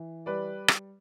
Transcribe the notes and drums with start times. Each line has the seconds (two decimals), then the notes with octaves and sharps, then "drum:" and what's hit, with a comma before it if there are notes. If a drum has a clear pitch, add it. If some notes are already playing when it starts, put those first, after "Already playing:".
Already playing: E3
0.26 G3 B4 D5
0.68 drum: rim click